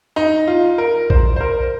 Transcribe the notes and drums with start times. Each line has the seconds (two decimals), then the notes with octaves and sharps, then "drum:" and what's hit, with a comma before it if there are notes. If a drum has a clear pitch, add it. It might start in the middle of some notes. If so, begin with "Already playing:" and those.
0.16 D#4
0.47 F4
0.78 A#4
1.10 C5, drum: kick A#1
1.36 C5
1.41 A#4